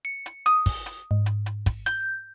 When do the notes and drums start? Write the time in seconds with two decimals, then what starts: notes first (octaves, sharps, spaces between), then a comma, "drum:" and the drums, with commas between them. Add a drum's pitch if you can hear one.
0.05 C#7
0.26 drum: hi-hat
0.46 D#6, drum: hi-hat
0.66 drum: kick, open hi-hat
0.86 drum: hi-hat
1.11 G#2
1.26 drum: hi-hat
1.46 drum: hi-hat
1.66 drum: kick, hi-hat
1.86 G6, drum: hi-hat